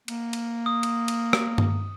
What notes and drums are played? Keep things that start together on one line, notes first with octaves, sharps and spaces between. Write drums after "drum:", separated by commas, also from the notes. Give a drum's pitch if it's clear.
A#3, drum: cymbal
drum: cymbal
D#6
drum: cymbal
drum: cymbal
drum: rim click
drum: tom G2